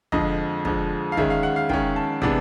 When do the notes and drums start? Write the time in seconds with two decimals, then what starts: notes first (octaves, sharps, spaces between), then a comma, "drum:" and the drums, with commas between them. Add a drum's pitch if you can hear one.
0.12 F2 D3 F3 G#3 D#5, drum: kick
0.65 F2 D3 F3 G#3, drum: kick
1.12 F5
1.17 D#3 G#3 C#4 E5, drum: kick
1.30 F5
1.43 F#5
1.56 F5
1.69 D#3 G#3 C#4 G5, drum: kick
1.96 A5
2.22 C3 E3 G#3 B3 D4, drum: kick